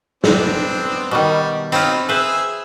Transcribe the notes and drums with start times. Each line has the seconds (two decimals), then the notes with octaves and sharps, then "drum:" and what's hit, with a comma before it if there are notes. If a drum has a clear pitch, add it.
0.24 B3 C4 D4, drum: snare
1.11 B2 D#3 G3
1.72 C4 D#4 F4 C#5 B5, drum: hi-hat
2.09 G#4 B4 C5 E5